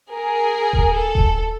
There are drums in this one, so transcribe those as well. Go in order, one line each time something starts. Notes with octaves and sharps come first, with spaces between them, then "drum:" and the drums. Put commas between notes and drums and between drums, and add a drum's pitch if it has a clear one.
G#4 A#4
drum: kick D#1
A4
drum: kick D#1